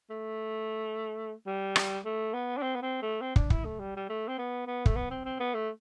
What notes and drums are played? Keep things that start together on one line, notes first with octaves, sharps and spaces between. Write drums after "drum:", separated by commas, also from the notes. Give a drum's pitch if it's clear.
A3
G3
drum: rim click
A3
B3
D4
C4
B3
C4
A3
C4
D4, drum: kick
E4, drum: kick
A3
G3
G3
A3
C4
B3
B3
A3, drum: kick
B3
C4
C4
B3
A3